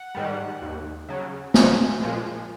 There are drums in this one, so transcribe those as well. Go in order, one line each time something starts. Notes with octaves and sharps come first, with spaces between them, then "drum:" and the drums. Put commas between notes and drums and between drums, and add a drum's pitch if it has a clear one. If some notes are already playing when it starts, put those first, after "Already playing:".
Already playing: F#5
G#2 D#3 G3
D#2
C#3 F#3
A#1, drum: snare
A#2 F3 G#3